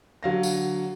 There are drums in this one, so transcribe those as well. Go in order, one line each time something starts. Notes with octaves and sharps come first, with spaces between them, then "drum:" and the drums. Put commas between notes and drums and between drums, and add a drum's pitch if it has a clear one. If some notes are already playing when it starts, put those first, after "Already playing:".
D3 F#3 F5 A#6
drum: tambourine